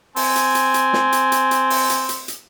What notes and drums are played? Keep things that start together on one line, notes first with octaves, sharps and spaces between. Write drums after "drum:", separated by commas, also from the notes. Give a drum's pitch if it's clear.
C4 G#5, drum: open hi-hat
drum: hi-hat
drum: hi-hat
drum: hi-hat
drum: snare
drum: hi-hat
drum: hi-hat
drum: hi-hat
drum: open hi-hat
drum: hi-hat
drum: hi-hat
drum: hi-hat